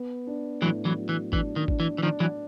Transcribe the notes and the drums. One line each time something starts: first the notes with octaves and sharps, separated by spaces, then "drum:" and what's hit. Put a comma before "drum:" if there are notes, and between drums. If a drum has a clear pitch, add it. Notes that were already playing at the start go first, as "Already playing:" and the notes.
Already playing: B3
D4
A2 E3 F#3
E3 F#3
F#3
E3
E3 D4, drum: kick G#1
D#3
D4, drum: kick G#1
E3
E3
D#3 F3 D4
E3 F#3